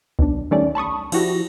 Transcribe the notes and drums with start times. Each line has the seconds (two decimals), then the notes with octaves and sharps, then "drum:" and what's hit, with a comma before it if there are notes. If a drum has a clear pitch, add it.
0.19 B1 D4, drum: kick D2
0.51 D#3 G3 A3 C#4 D5
0.75 A5 B5 C#6 D#6
1.12 F3 E4 F#4 G4 A#6, drum: cymbal